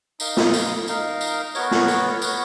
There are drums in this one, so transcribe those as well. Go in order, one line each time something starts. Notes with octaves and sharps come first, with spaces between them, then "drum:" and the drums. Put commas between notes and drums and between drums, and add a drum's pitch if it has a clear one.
D#4 A#4 F5, drum: tambourine
drum: snare
drum: tambourine
D#4 A#4 F5, drum: tambourine
drum: tambourine
B3 F#4 A#4 C#5, drum: tambourine
drum: snare
drum: tambourine
B3 F#4 A#4 C#5, drum: tambourine